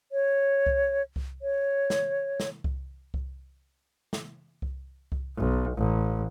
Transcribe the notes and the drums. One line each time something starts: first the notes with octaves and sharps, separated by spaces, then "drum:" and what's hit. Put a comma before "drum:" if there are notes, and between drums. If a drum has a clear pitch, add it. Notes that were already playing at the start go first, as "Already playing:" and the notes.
C#5
drum: kick C2
drum: kick C2
C#5
drum: snare
drum: snare
drum: kick C2
drum: kick C2
drum: snare
drum: kick C2
drum: kick C2
B1
A1